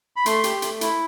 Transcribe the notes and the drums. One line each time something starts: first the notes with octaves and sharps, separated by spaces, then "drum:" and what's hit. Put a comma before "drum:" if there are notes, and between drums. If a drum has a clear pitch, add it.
B5
A3 C6, drum: hi-hat
G4, drum: hi-hat
A3, drum: hi-hat
E4, drum: hi-hat